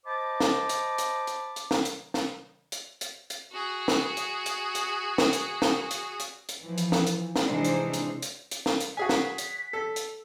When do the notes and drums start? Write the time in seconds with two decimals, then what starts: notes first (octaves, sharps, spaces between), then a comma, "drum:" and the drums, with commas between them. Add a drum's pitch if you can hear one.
0.06 C5 D#5 A5 B5 D6
0.40 drum: snare
0.69 drum: hi-hat
0.98 drum: hi-hat
1.27 drum: hi-hat
1.56 drum: hi-hat
1.71 drum: snare
1.85 drum: hi-hat
2.14 drum: snare
2.72 drum: hi-hat
3.01 drum: hi-hat
3.30 drum: hi-hat
3.51 F#4 G#4
3.88 drum: snare
4.17 drum: hi-hat
4.46 drum: hi-hat
4.75 drum: hi-hat
5.18 drum: snare
5.33 drum: hi-hat
5.62 drum: snare
5.91 drum: hi-hat
6.20 drum: hi-hat
6.49 drum: hi-hat
6.63 E3 F3
6.78 drum: hi-hat
6.92 drum: snare
7.07 drum: hi-hat
7.36 drum: snare
7.46 C3 E3 G#3 D4 D#4 C5
7.65 drum: hi-hat
7.94 drum: hi-hat
8.22 drum: hi-hat
8.51 drum: hi-hat
8.66 drum: snare
8.80 drum: hi-hat
8.97 F#4 G#4 G#5 B6
9.09 drum: snare
9.38 drum: hi-hat
9.73 A4
9.96 drum: hi-hat